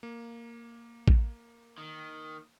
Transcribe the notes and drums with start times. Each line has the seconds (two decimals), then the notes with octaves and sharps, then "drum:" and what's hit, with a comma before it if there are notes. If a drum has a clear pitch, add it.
0.03 A#3
1.08 drum: kick A1
1.78 D#3